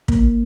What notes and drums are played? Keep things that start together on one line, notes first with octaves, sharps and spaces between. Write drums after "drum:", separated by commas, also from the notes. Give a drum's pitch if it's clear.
A#3, drum: kick